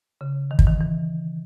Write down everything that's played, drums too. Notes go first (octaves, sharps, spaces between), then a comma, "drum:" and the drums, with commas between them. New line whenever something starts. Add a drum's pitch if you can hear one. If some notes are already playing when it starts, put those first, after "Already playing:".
C#3
D#3
E3, drum: kick
D#3
E3